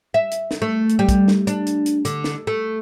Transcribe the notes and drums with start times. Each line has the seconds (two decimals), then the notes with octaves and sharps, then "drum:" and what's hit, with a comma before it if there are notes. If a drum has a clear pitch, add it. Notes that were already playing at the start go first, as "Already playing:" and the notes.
0.14 E5
0.31 drum: hi-hat
0.51 drum: snare
0.62 A3
0.89 drum: hi-hat
0.99 G3
1.09 drum: kick, hi-hat
1.28 drum: snare
1.47 D4, drum: hi-hat
1.66 drum: hi-hat
1.86 drum: hi-hat
2.05 D3, drum: hi-hat
2.24 drum: snare
2.47 A3